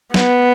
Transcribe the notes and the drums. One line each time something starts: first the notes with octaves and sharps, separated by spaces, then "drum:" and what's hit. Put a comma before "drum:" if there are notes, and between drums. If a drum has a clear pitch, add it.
B3, drum: snare